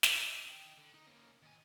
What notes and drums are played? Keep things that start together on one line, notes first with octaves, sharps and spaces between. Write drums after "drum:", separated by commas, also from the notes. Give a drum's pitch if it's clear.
drum: snare
D#5 E5
D#4 G5
D3
D#4
C#3 A#3
D#3 G#5